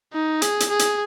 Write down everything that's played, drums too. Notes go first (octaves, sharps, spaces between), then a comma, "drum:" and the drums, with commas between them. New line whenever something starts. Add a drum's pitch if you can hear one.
D#4
G#4, drum: hi-hat
drum: hi-hat
G#4
drum: hi-hat